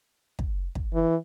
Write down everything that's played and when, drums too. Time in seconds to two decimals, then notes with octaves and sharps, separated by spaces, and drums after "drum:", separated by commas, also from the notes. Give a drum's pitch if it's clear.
0.39 drum: kick
0.75 drum: kick
0.94 E3